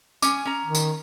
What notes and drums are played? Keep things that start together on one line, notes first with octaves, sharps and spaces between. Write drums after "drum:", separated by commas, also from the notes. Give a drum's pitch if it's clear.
C#4 G#5 D6, drum: tambourine
C#4 A#5
D#3
drum: tambourine